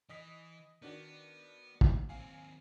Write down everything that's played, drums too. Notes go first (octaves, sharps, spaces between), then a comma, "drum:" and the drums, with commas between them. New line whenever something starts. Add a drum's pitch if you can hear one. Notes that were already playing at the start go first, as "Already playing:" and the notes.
E3 D#5 D#6 B6
D#3 B3 D4 F#4
drum: kick
D#2 C4 F5 G#5